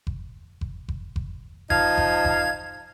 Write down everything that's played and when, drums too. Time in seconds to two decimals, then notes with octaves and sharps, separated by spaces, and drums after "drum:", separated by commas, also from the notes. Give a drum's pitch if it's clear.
0.07 drum: kick F#1
0.61 drum: kick F#1
0.89 drum: kick F#1
1.16 drum: kick F#1
1.70 F3 D#4 F5 A5 G#6, drum: kick F#1
1.98 drum: kick F#1
2.25 drum: kick F#1